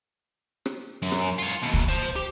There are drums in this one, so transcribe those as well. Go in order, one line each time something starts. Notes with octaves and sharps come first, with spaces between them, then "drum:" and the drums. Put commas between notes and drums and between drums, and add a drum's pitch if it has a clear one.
drum: rim click
F#2
drum: rim click
F4 C#5
D#2 B2
drum: kick C#2
C5 A5
G4